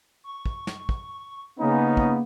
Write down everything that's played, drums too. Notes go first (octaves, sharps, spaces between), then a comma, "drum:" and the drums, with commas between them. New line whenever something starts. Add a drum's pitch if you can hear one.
C#6
drum: kick
drum: snare
drum: kick
C#3 A#3 B3 C#4 D#4
drum: kick